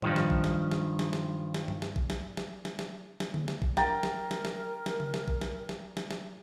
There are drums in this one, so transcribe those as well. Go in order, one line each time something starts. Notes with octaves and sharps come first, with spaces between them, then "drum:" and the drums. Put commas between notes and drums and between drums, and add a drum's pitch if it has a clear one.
G2 D#3 F3, drum: tom A2
drum: snare
drum: kick A1
drum: snare
drum: snare
drum: snare
drum: snare
drum: snare
drum: tom G2
drum: snare
drum: kick A1
drum: snare
drum: snare
drum: snare
drum: snare
drum: snare
drum: tom D3
drum: snare
drum: kick A1
A#4 G5 A#5 A6, drum: snare
drum: snare
drum: snare
drum: snare
drum: snare
drum: tom C#3
drum: snare
drum: kick A1
drum: snare
drum: snare
drum: snare
drum: snare